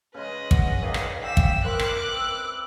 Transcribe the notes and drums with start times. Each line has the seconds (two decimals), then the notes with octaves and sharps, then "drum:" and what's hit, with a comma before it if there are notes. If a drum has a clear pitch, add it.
0.14 C#3 G#3 B4 D#5
0.51 F#5, drum: kick
0.82 D#3 G#4 D5 F5
0.94 drum: rim click
1.23 D5 E5 G5 B6 E7
1.37 drum: kick
1.64 C4 A#4 B4 D6 F#6
1.79 drum: rim click
2.15 E6